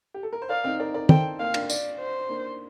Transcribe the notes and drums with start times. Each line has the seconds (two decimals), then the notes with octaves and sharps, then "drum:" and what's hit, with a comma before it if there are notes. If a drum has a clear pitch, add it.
0.14 G4
0.23 A4
0.33 A#4
0.42 C5
0.49 A#4 D5 F5
0.64 C4 D#4
0.80 A#4 D5
0.94 A#4 D5
1.09 A4 C5 G5, drum: tom
1.40 A#3 F5
1.54 A#3 D4, drum: cymbal
1.70 D5, drum: tambourine
2.00 C5
2.29 A#3 D4